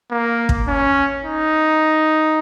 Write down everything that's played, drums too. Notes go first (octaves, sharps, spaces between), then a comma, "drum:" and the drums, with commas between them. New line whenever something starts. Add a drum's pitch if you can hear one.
A#3
drum: kick
C#4
D#4